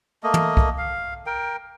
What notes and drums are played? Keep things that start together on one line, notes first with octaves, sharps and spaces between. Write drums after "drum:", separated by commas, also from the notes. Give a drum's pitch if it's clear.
A3 A#3 D#5
drum: tom
drum: kick
F5
A#4 G5